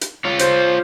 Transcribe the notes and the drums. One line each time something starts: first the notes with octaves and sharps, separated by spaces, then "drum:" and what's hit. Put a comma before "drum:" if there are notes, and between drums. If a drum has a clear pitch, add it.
drum: hi-hat
F4 C#5
C5, drum: hi-hat